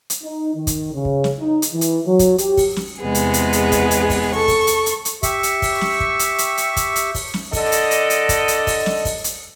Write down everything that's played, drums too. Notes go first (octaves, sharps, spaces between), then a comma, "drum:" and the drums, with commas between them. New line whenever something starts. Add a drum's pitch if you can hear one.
drum: hi-hat
D#4
D#3
drum: kick, hi-hat
C#3
drum: kick
drum: snare
D#4
drum: hi-hat
E3
drum: hi-hat
F#3
drum: kick, hi-hat
G4, drum: hi-hat
drum: kick, open hi-hat
drum: snare
E2 C3 G#3 B3 G#4
drum: hi-hat
drum: hi-hat
drum: hi-hat
drum: kick, hi-hat
drum: hi-hat
drum: kick, open hi-hat
A4 C#6
drum: kick, open hi-hat
drum: hi-hat
drum: hi-hat
drum: hi-hat
G4 E5 C#6, drum: kick, hi-hat
drum: hi-hat
drum: kick, open hi-hat
drum: snare
drum: kick
drum: hi-hat
drum: hi-hat
drum: hi-hat
drum: kick, hi-hat
drum: hi-hat
drum: kick, open hi-hat
drum: snare
D3 A4 D5 D#5, drum: kick, open hi-hat
drum: hi-hat
drum: hi-hat
drum: hi-hat
drum: kick, hi-hat
drum: hi-hat
drum: kick, open hi-hat
drum: snare
drum: kick, open hi-hat
drum: hi-hat